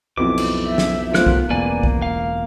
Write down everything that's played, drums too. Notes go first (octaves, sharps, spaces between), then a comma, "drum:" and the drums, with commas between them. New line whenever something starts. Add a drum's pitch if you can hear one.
B1 F2 B2 C4 E4 D6
drum: cymbal
E5
drum: snare
A3 B3 F4 G4 A#4 C5 F#6, drum: snare
drum: kick
E1 C#2 A#3 B4 D5 G#5
drum: kick
F5